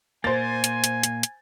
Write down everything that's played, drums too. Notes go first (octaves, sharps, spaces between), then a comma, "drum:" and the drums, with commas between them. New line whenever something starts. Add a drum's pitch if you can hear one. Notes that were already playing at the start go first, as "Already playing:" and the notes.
A#2 A#3 C5 G#5 A6
drum: hi-hat
drum: hi-hat
drum: hi-hat
drum: hi-hat